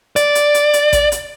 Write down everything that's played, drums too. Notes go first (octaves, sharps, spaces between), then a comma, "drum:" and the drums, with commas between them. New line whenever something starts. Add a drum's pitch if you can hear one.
D5, drum: hi-hat
drum: hi-hat
drum: hi-hat
drum: hi-hat
drum: kick A1, hi-hat
drum: hi-hat